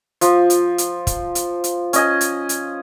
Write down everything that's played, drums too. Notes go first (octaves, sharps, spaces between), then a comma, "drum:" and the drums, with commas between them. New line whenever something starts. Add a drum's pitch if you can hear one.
F3, drum: hi-hat
drum: hi-hat
drum: hi-hat
drum: kick, hi-hat
drum: hi-hat
drum: hi-hat
C#4 D#5 G#5, drum: hi-hat
drum: hi-hat
drum: hi-hat